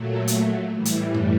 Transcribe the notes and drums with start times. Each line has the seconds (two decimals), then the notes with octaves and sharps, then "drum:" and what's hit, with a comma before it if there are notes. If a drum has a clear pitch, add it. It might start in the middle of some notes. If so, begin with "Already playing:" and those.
Already playing: A#2 F#3 A3
0.28 drum: hi-hat
0.71 A2 E3 G3
0.85 drum: hi-hat
1.14 drum: tom F#2